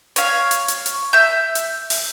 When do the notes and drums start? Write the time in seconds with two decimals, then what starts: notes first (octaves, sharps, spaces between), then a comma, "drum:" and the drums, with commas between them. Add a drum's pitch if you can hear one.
0.16 C#5 F5, drum: hi-hat
0.51 drum: hi-hat
0.68 drum: hi-hat
0.86 drum: hi-hat
1.13 E5 G6
1.55 drum: hi-hat
1.90 drum: open hi-hat